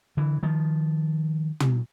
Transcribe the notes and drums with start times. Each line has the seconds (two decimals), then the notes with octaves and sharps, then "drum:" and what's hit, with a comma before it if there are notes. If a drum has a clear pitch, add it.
0.17 D3 E3
0.43 D#3 F3
1.60 drum: tom